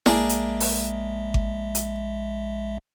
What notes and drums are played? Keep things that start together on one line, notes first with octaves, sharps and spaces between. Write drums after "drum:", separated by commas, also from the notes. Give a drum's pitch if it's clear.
A#1 G#3 A#3 D4 G#4 E5, drum: snare E4
drum: hi-hat
drum: open hi-hat
drum: kick G#1
drum: hi-hat